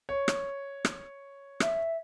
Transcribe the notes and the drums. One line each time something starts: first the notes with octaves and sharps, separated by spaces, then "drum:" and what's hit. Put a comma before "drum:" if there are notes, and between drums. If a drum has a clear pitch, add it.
C#5
drum: rim click
drum: rim click
E5, drum: rim click